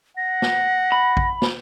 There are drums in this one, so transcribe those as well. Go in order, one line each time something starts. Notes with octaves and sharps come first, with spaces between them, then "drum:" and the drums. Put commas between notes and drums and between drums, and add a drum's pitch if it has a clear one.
F#5 A#6
drum: snare
B5
drum: kick A1
drum: snare